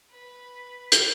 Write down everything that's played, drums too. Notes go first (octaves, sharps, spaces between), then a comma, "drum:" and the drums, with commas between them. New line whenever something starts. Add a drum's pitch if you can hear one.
B4
drum: hi-hat